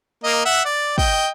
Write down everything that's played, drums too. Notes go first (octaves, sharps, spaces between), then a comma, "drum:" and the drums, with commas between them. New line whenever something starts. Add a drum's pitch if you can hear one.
A#3 D#5
E5 F#5
D5
D#5 G5, drum: kick